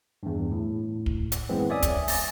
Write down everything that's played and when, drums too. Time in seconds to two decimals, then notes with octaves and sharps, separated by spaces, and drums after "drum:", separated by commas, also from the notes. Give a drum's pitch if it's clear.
0.23 E2 G2
0.51 A2
1.06 drum: kick
1.32 drum: hi-hat
1.49 F#2 E3 G#3 B3 C4
1.70 C#5 D5 E5 G#5 D#6
1.82 drum: kick, hi-hat
2.08 G#5 A6 A#6, drum: open hi-hat